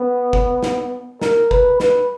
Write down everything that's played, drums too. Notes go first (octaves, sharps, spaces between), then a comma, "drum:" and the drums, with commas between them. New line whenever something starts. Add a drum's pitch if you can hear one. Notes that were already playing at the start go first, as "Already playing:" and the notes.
Already playing: B3
drum: kick G1
drum: snare
A#4, drum: snare
B4, drum: kick G1
B4, drum: snare